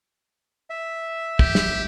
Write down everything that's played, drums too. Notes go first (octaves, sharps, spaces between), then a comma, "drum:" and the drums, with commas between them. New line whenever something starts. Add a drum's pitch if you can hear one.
E5
G4, drum: kick
drum: snare